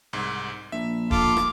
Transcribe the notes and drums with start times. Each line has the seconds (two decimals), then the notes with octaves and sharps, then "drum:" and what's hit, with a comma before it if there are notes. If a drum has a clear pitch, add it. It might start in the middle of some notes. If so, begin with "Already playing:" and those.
0.13 C2 G#2
0.72 A#1 E5
1.11 F4 A4 D6, drum: kick
1.37 drum: rim click